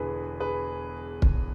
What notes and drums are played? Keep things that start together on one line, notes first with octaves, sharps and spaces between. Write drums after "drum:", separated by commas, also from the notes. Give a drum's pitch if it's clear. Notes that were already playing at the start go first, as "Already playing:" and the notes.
Already playing: E1 E2 D3 E4 G#4 B4
G#4 B4
drum: kick